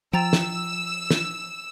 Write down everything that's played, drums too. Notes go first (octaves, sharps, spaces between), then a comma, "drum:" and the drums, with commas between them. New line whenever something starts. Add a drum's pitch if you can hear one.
F3 G5 A#5 E6 A6
drum: snare
drum: snare